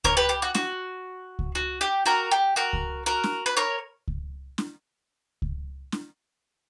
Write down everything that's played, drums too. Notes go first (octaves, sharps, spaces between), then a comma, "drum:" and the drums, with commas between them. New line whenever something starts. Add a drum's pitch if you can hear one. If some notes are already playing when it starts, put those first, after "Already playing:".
A#4 C#5, drum: kick C#2
G4 B4
G4
F#4
F#4, drum: snare
drum: kick C#2
F#4
G4
F#4 A#4
G4
F#4 A#4
drum: kick C#2
F#4 A#4
drum: snare
B4
A#4 C#5
drum: kick C#2
drum: snare
drum: kick C#2
drum: snare